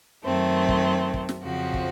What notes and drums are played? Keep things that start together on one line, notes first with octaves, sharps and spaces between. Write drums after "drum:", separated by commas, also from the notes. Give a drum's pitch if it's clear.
F#2 D#3 A3 C4
drum: kick
drum: kick
drum: snare
F2 C#3 F3 C4 F#4
drum: kick